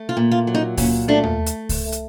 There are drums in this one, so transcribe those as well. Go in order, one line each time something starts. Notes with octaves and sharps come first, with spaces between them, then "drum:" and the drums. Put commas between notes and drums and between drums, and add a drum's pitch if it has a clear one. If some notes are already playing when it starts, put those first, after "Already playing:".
Already playing: A3
F4
A#2
F4
F#3
D#4
A#2 C#4, drum: kick C#2, open hi-hat
A3 D4
drum: tom D#2
drum: hi-hat
drum: kick C#2, open hi-hat
drum: hi-hat